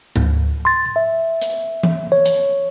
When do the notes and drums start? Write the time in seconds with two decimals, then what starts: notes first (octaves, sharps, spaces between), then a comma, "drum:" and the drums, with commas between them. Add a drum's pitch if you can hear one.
0.16 D2, drum: tom G#2
0.65 C6 A6
0.96 E5
1.41 drum: hi-hat
1.83 drum: tom E3
2.12 C#5
2.25 drum: hi-hat